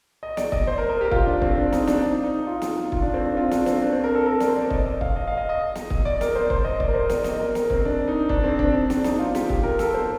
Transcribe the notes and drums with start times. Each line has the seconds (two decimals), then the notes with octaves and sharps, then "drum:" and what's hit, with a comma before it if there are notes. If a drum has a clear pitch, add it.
0.23 D#5
0.37 D5, drum: snare
0.52 D#5, drum: kick
0.67 C5
0.78 A#4
0.89 A#4
1.01 G4
1.11 F4, drum: kick
1.26 D4
1.42 C4, drum: kick
1.57 D4
1.72 D#4, drum: snare
1.87 D4, drum: snare
2.01 D#4
2.24 D#4
2.47 F4
2.62 drum: snare
2.92 F4, drum: kick
3.02 D4
3.14 C4
3.26 D4
3.37 F4
3.51 D4, drum: snare
3.66 C4, drum: snare
3.82 D4
3.93 C4
4.04 A#4
4.15 A4
4.26 A#4
4.40 D5, drum: snare
4.48 C5
4.56 D5
4.70 D#5, drum: kick
4.86 D#5
5.01 F5, drum: kick
5.16 D#5
5.27 F5
5.37 D#5
5.49 D#5
5.75 drum: snare
5.90 drum: kick
6.05 D5
6.21 A#4, drum: snare
6.35 C5
6.50 C5, drum: kick
6.64 D#5
6.80 D5, drum: kick
6.88 A#4
6.95 C5
7.09 D5, drum: snare
7.24 D#5, drum: snare
7.39 A#4
7.55 A#4, drum: snare
7.70 C4, drum: kick
7.85 D4
8.08 D#4
8.29 D4, drum: kick
8.44 C4
8.59 D4, drum: kick
8.74 D4
8.90 D4, drum: snare
9.04 D#4, drum: snare
9.19 F4
9.35 G4, drum: snare
9.49 G4, drum: kick
9.64 A#4
9.79 A4, drum: snare
9.94 C5